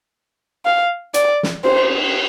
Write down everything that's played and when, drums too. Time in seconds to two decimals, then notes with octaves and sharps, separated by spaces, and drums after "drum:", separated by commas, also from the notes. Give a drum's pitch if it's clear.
0.65 F5
1.14 D5, drum: hi-hat
1.43 drum: snare
1.64 C5, drum: cymbal